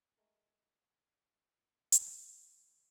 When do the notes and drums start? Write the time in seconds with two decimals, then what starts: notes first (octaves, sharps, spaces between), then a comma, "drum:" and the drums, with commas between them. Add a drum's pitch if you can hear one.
0.17 G#3 A3 A#4
1.92 drum: hi-hat